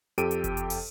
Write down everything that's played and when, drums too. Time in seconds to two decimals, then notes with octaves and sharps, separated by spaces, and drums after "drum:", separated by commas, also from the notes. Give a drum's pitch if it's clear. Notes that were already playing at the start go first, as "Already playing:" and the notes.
0.18 F2 G4 A4 G5 D7 D#7, drum: hi-hat
0.31 drum: hi-hat
0.44 drum: kick F#1, hi-hat
0.57 drum: hi-hat
0.70 drum: open hi-hat